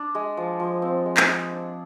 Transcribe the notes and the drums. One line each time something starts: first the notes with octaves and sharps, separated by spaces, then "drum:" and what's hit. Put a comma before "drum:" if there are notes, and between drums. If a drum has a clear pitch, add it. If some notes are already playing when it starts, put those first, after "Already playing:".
Already playing: D4
G#3
F3
F3
C4
G#3
drum: clap
G#4
D4